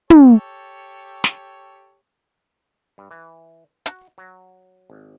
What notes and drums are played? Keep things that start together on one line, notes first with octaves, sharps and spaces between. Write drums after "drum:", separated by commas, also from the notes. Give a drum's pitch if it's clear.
G4 A4 C#5, drum: tom
drum: snare
G2
E3
F#4, drum: hi-hat
F#3
G#1